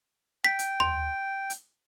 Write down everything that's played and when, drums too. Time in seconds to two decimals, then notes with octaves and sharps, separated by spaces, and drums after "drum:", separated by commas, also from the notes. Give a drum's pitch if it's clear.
0.44 G5 B6
0.59 drum: hi-hat
0.80 C6, drum: tom D#2
1.50 drum: hi-hat